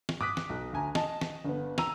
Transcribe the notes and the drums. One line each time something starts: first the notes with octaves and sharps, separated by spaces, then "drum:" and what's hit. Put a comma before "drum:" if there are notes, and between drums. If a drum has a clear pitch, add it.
drum: snare
D6 D#6 F#6 B6, drum: tom G2
drum: snare
B1
D2 G#5 A#5
D#5 A5, drum: snare
drum: snare
G1 B3
A#5 E6 D#7 F7, drum: snare